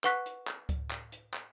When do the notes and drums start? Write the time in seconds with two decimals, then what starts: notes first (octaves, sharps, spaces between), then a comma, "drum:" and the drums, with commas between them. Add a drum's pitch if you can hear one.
0.04 B4 F#5 C#6 F#6 B6, drum: clap
0.26 drum: hi-hat
0.47 drum: clap
0.69 drum: kick C#2, hi-hat
0.90 drum: clap
1.12 drum: hi-hat
1.34 drum: clap